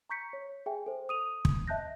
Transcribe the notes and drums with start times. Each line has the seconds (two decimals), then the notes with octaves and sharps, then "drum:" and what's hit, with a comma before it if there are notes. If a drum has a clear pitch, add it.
0.10 A#5 C#6 G6 B6 C#7
0.33 C#5
0.66 G#4 E5 G5 G#5
0.86 A4 C5
1.09 D#6 D#7 F7
1.45 drum: kick
1.68 D#5 E5 A5 F#6 G6 A#6